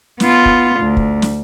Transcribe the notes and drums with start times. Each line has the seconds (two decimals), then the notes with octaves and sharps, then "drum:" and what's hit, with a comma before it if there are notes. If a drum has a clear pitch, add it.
0.20 B3 F4, drum: snare
0.46 drum: kick
0.80 D2
0.97 drum: kick
1.22 drum: snare